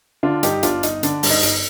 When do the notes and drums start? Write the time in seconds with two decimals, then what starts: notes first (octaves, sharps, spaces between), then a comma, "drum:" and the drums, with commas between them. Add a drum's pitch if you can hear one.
0.23 D3 D4 F4
0.43 G2 D#4 G4, drum: hi-hat
0.63 G1 D4 F4, drum: hi-hat
0.83 G1 D#4, drum: hi-hat
1.03 D3 D4, drum: hi-hat
1.23 G2, drum: open hi-hat
1.30 D#4
1.43 G1, drum: hi-hat